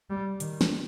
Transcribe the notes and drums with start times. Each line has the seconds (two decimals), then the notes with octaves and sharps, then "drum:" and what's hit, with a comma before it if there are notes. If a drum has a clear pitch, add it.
0.10 G3
0.40 D#3, drum: hi-hat
0.61 drum: snare